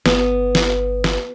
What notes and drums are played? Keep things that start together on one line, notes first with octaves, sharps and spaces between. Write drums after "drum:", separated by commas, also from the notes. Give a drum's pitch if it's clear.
G1 B3, drum: snare
drum: snare
drum: snare